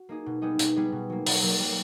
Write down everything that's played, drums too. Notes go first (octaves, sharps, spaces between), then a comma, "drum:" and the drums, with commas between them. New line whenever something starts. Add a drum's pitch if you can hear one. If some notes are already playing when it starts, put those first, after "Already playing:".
Already playing: F#4
A#3 D#4 G#4
B2
G3 B3 D#4 G#4
B2, drum: hi-hat
G3 B3 D#4 G#4
B2
F#3 A#3
B2, drum: open hi-hat
F#3 A#3
G3